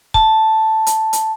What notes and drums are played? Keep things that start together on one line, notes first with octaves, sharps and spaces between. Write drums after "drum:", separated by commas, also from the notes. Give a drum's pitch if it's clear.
A5, drum: kick
drum: hi-hat
drum: hi-hat